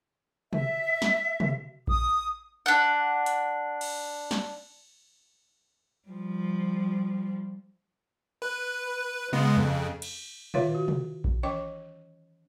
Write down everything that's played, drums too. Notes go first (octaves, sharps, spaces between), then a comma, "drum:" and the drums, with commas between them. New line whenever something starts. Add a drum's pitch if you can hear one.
E5, drum: tom
drum: snare
drum: tom
D#6, drum: kick A#1
D4 F#5
drum: hi-hat
drum: cymbal
drum: snare
F3 G3
B4
C#3 G#3 B3
F2 C#3
drum: cymbal
D#3 F4 B4 C#5 E5 F5, drum: tom
F#4
drum: tom
drum: kick A#1
E3 C#4 D#5 G5 C#6